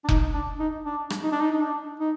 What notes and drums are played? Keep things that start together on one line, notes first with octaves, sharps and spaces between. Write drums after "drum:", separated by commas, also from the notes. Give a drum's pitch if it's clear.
D4
D#4, drum: kick F1
D4
D#4
D4
drum: rim click
D#4
D4
D#4
D#4
D4
D#4